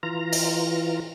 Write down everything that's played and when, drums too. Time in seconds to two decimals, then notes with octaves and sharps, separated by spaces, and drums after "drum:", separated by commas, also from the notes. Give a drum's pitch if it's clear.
0.03 E3 F4 A#5
0.32 drum: open hi-hat